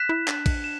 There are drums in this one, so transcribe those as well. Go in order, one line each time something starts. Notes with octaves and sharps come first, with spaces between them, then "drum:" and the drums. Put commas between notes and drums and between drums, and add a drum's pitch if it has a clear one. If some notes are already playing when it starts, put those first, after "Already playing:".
Already playing: F#6 B6 E7
E4
D4, drum: clap
drum: kick, cymbal
E7